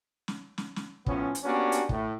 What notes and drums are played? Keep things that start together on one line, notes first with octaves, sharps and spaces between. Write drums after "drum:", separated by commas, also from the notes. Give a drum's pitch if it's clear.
drum: snare
drum: snare
drum: snare
A2 F3 B3 C#4, drum: kick
drum: hi-hat
A#3 B3 C#4 D4 F#4 G4
drum: hi-hat
A2, drum: kick